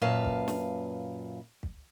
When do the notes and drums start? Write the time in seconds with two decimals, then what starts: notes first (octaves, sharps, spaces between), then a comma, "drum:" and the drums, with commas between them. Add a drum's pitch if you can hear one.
0.02 F#2 A#2 B4 F5 A5
0.25 drum: kick
0.48 drum: snare
1.63 drum: kick